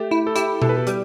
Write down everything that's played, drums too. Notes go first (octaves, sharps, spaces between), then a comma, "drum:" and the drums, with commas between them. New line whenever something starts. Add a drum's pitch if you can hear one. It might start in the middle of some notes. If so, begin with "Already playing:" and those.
Already playing: A3 G4
E4
A4
E4 G4, drum: hi-hat
B2 A4, drum: tom B2
B4
A4
G3 G4, drum: hi-hat